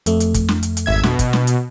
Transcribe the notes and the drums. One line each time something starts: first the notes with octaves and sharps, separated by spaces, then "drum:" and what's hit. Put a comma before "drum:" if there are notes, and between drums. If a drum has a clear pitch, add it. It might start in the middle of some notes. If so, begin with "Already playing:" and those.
F2 A3, drum: hi-hat
drum: hi-hat
drum: kick, hi-hat
drum: snare
drum: hi-hat
drum: hi-hat
G#1 E5 G#6
B2, drum: snare
drum: kick, hi-hat
drum: snare
drum: hi-hat